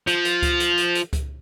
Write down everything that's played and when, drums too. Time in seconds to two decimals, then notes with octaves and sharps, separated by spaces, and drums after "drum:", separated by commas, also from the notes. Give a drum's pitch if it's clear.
0.07 F3, drum: hi-hat
0.25 drum: hi-hat
0.42 drum: kick C#2, hi-hat
0.60 drum: hi-hat
0.78 drum: hi-hat
0.95 drum: hi-hat
1.13 drum: kick C#2, hi-hat